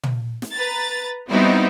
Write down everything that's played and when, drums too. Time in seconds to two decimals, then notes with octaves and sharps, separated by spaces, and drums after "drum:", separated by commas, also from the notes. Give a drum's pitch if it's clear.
0.03 drum: tom
0.42 drum: snare
0.53 B4 A#5 A6
1.30 G3 B3 C4 D#4 E4 F#4